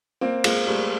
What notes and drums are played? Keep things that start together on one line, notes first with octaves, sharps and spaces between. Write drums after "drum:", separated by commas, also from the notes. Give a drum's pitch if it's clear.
A#3 C4
G#3 A#3, drum: cymbal
G3 A3